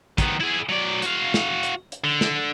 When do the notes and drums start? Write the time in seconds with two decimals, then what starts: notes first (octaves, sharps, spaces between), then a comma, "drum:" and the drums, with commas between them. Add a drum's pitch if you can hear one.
0.18 D#3 B3, drum: kick, hi-hat
0.41 E4 G#4
0.69 F#3 D5
1.02 F#4 F5, drum: hi-hat
1.34 drum: snare
1.63 drum: hi-hat
1.92 drum: hi-hat
2.04 D3
2.21 drum: snare